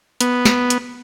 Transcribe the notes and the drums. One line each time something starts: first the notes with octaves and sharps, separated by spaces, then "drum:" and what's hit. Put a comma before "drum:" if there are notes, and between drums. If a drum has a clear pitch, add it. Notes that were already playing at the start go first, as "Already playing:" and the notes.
B3, drum: hi-hat
drum: snare
drum: hi-hat